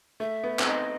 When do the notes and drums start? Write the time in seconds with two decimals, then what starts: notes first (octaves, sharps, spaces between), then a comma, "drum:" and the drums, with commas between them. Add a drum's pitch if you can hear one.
0.20 A3 E5
0.44 B3
0.59 C4, drum: clap
0.67 D#4 D#5